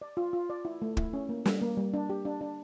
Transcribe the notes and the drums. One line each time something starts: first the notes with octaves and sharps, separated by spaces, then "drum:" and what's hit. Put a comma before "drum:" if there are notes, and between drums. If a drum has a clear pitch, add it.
D5
F4
F4
D5
E4
A3
E4, drum: kick
C#4
A#3
G3, drum: snare
A#3
G3
D4
G4
D4
D4